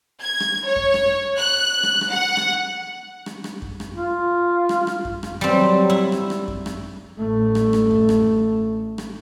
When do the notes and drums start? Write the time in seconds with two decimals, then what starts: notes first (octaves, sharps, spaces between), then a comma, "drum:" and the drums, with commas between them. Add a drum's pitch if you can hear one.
0.22 G#6
0.40 drum: rim click
0.67 C#5
0.76 drum: kick F#2
0.94 drum: rim click
1.37 F#6
1.83 drum: rim click
2.01 drum: rim click
2.10 F#5
2.37 drum: rim click
3.26 drum: rim click
3.44 drum: rim click
3.62 drum: kick F#2
3.80 drum: rim click
3.94 F4
4.69 drum: rim click
4.87 drum: rim click
5.05 drum: kick F#2
5.23 drum: rim click
5.41 F#3 G3 C4
5.90 E4
6.12 drum: rim click
6.30 drum: rim click
6.48 drum: kick F#2
6.66 drum: rim click
7.18 A1 A3
7.55 drum: rim click
7.73 drum: rim click
7.91 drum: kick F#2
8.09 drum: rim click
8.98 drum: rim click